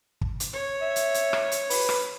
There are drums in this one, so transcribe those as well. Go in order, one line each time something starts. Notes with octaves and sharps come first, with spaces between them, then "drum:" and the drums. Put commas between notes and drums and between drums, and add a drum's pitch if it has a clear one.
drum: kick
drum: hi-hat
C#5
E5
drum: hi-hat
drum: hi-hat
drum: rim click
drum: hi-hat
B4, drum: open hi-hat
drum: rim click